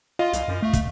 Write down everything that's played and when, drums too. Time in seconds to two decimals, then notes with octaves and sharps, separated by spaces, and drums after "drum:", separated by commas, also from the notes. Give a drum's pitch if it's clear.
0.19 F4 D#5 F5
0.33 C2, drum: hi-hat
0.48 F#2
0.62 A3
0.73 drum: kick, hi-hat